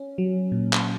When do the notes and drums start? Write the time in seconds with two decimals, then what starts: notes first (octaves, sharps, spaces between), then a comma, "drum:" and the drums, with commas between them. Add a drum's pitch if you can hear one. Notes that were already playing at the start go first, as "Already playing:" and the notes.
Already playing: C#4
0.18 F#3
0.52 A#2
0.73 drum: clap